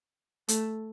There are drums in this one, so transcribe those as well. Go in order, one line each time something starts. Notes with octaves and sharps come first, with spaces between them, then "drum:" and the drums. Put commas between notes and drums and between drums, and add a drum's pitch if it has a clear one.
A3, drum: hi-hat